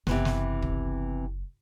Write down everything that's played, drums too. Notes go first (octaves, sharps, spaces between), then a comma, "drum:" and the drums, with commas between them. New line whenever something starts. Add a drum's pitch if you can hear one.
F#1 C3 E3 B3, drum: snare
drum: snare
drum: kick